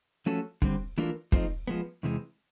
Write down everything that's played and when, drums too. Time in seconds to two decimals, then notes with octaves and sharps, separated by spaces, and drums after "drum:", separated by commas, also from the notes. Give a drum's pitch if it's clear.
0.26 F3 A3 C#4 F#4 A4
0.62 D3 G3 C4, drum: kick
0.98 E3 A3 D4 F4 A#4
1.32 F3 A3 C4 D#4, drum: kick
1.67 F3 G#3 B3
2.03 E2 C3 E3 G#3